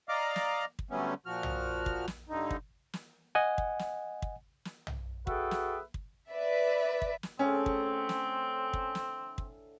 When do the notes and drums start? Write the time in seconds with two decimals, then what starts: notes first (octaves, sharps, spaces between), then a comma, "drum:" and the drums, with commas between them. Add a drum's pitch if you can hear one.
0.09 D5 D#5 F5 A#5 D6 F6
0.36 drum: snare
0.79 drum: kick
0.91 D3 F#3 G3 A3 B3 C#4
1.26 A#2 F3 F#4 F6
1.43 drum: tom
1.86 drum: kick
2.08 drum: snare
2.29 G2 D3 D#4
2.51 drum: kick
2.93 drum: snare
3.35 D#5 F#5 G#5
3.58 drum: kick
3.79 drum: snare
4.22 drum: kick
4.65 drum: snare
4.87 drum: tom
5.27 F#4 G#4 A4 B4 E5 G5, drum: kick
5.51 drum: snare
5.94 drum: kick
6.31 B4 D5 E5
7.02 drum: kick
7.23 drum: snare
7.39 A2 D3 C4 C#4 G#4
7.66 drum: kick
8.09 drum: snare
8.73 drum: kick
8.95 drum: snare
9.38 drum: kick